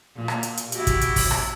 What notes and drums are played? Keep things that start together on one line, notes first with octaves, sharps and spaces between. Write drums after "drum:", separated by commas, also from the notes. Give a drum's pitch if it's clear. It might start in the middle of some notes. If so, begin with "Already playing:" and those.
A#2
drum: rim click
drum: hi-hat
drum: hi-hat
E4 F#4 G4, drum: hi-hat
drum: kick, hi-hat
drum: hi-hat
drum: kick, open hi-hat
drum: rim click